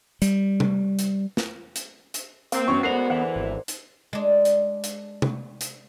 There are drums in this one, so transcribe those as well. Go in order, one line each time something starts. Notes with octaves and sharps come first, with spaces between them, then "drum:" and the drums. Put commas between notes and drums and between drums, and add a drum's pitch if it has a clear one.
G3, drum: hi-hat
drum: tom
drum: hi-hat
drum: snare
drum: hi-hat
drum: hi-hat
A#3 C4, drum: hi-hat
F#2 B3 C#4 C#6
G#3 A3 F#4 A#4 C5 D5 C7 F7
E2 D3 E3 F#5
G#1
drum: hi-hat
G#3 D4
drum: hi-hat
drum: hi-hat
drum: tom
drum: hi-hat